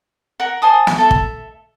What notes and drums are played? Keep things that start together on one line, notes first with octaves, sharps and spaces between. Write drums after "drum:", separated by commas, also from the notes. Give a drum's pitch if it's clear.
A#4 F#5
C5 G#5 A5 D#6
drum: snare
A4 E5
drum: kick